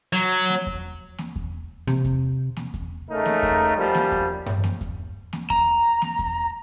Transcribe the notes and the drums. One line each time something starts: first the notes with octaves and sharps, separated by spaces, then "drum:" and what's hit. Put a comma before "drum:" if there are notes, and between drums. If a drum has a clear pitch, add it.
F#3
drum: snare A#3
drum: kick E2, hi-hat
drum: snare A#3
drum: kick E2
C3, drum: snare A#3
drum: kick E2, hi-hat
drum: snare A#3
drum: kick E2, hi-hat
C#3 A3 D#4 A#4
drum: snare A#3
drum: kick E2, hi-hat
F#2 F3 G3
drum: snare A#3
drum: kick E2, hi-hat
drum: tom G2
drum: snare A#3
drum: kick E2, hi-hat
drum: snare A#3
A#5, drum: kick E2, hi-hat
drum: snare A#3
drum: kick E2, hi-hat